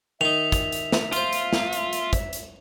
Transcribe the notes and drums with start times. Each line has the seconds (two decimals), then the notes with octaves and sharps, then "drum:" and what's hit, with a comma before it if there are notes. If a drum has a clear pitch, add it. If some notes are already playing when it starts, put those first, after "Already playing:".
0.21 D#3 D#4 E5 F7
0.52 drum: kick, hi-hat
0.72 drum: hi-hat
0.92 drum: snare
1.12 F4 C5 C6, drum: hi-hat
1.33 drum: hi-hat
1.53 drum: snare
1.73 drum: hi-hat
1.93 drum: hi-hat
2.13 drum: kick, hi-hat
2.33 drum: hi-hat